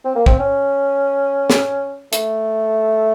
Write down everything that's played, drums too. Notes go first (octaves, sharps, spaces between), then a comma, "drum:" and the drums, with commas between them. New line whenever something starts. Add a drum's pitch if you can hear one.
C4
A#3
C4, drum: kick
C#4
drum: snare
A3, drum: hi-hat